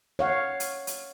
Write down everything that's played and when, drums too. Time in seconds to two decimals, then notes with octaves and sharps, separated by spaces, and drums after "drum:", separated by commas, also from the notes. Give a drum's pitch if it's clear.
0.19 C#5 F5 F#5
0.60 drum: hi-hat
0.87 drum: hi-hat